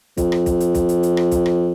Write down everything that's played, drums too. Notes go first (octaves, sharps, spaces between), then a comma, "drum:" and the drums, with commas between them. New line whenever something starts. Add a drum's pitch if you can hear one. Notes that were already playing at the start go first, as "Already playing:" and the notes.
F2, drum: kick, hi-hat
drum: rim click
drum: kick, hi-hat
drum: hi-hat
drum: kick, hi-hat
drum: hi-hat
drum: hi-hat
drum: rim click
drum: kick, hi-hat
drum: rim click